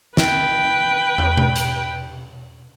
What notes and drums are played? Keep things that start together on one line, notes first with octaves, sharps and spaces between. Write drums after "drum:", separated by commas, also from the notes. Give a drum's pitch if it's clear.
B4 G5, drum: snare
drum: tom
drum: tom B2
drum: hi-hat